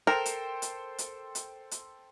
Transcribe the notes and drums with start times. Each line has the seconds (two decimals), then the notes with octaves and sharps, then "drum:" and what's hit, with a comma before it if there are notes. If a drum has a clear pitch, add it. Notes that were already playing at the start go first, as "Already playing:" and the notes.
0.07 A4 A#4 C5 G5
0.26 drum: hi-hat
0.62 drum: hi-hat
0.98 drum: hi-hat
1.35 drum: hi-hat
1.71 drum: hi-hat